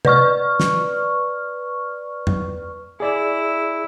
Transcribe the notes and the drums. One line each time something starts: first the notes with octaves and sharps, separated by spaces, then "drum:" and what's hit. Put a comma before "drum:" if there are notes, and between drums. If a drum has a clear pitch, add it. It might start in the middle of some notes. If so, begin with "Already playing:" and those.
B4 D5 C#6 F6, drum: tom C3
drum: snare
drum: tom E2
E4 G#4 D5